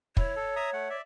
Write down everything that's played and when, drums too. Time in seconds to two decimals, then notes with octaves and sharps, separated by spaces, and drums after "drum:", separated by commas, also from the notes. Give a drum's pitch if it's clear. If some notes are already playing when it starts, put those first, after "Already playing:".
0.17 E4 C#5, drum: kick
0.36 A4
0.56 E5 A#5 D#6
0.73 A3 F#5
0.90 D5 E5